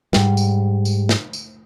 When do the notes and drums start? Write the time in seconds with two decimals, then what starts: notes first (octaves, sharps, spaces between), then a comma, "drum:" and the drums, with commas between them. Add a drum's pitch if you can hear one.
0.13 G#2 G3, drum: snare
0.37 drum: tambourine
0.85 drum: tambourine
1.09 drum: snare
1.33 drum: tambourine